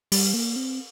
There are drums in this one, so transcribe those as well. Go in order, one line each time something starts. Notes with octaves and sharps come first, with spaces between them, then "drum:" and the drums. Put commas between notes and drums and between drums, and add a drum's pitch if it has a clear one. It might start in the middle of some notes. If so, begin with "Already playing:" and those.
G3, drum: open hi-hat
A#3
C4